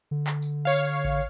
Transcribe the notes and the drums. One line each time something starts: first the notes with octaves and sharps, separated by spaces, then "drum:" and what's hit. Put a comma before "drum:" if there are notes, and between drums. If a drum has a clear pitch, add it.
D3
drum: clap
drum: tambourine
C#5 F5
drum: tambourine
drum: kick A1